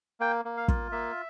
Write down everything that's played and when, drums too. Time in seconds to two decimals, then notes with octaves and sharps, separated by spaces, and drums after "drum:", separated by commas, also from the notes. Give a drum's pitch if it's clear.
0.20 A#3 G5
0.45 A#3
0.57 F5
0.68 F4, drum: kick
0.92 A#3 E5